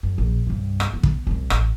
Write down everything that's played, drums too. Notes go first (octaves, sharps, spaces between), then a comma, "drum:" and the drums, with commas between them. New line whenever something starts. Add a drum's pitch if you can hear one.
F#2
A#1
C2 G2
drum: rim click
B3
drum: kick
C2 C3
A1, drum: rim click